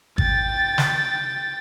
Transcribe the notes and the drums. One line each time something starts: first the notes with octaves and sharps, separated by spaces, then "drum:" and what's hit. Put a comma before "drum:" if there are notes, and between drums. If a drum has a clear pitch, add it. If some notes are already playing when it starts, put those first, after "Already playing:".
G5 A6, drum: kick G#1
drum: snare